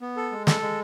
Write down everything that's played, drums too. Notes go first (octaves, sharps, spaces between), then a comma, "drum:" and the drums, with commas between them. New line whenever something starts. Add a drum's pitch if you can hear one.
B3
A4
G#3
A4, drum: snare
G#3